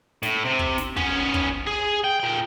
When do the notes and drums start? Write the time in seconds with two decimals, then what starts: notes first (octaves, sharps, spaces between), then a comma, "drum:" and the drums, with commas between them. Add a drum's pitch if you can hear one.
0.23 A2, drum: snare
0.45 C3
0.59 drum: kick
0.78 drum: snare
0.97 B3 C#4, drum: kick
1.34 drum: kick
1.67 G#4
2.04 G5
2.20 A#2 G5